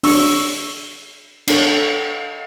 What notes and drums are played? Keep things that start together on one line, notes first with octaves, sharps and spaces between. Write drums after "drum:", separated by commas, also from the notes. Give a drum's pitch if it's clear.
D4 F#4 C#5 C#6 E6, drum: open hi-hat
D4 A4 C#5, drum: cymbal